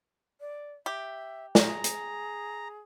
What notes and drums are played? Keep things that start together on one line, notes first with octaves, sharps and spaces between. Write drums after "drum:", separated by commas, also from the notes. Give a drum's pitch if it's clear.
D5
G4 E5
G#4 A#5, drum: snare
drum: hi-hat